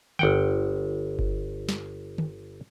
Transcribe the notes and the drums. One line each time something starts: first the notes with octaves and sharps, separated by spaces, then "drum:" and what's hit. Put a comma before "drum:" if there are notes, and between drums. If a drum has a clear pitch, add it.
G1 F#5 G5, drum: tom D3
drum: kick F#1
drum: snare
drum: tom D3